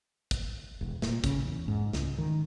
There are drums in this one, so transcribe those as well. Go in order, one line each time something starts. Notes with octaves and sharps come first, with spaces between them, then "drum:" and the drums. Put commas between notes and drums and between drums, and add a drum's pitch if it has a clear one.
drum: kick, hi-hat
E1
A#2, drum: snare
C#3, drum: kick, hi-hat
E2
G#2
C#2, drum: snare
D#3